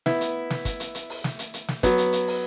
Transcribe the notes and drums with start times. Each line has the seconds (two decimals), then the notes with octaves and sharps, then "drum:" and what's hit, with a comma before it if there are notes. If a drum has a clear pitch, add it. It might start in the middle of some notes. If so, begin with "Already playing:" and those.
0.06 B3 E4, drum: snare
0.21 drum: hi-hat
0.50 drum: snare
0.65 drum: kick, hi-hat
0.80 drum: hi-hat
0.95 drum: hi-hat
1.09 drum: open hi-hat
1.24 drum: snare
1.39 drum: hi-hat
1.54 drum: hi-hat
1.68 drum: snare
1.83 F#3 B3, drum: kick, hi-hat
1.98 drum: hi-hat
2.13 drum: hi-hat
2.27 drum: open hi-hat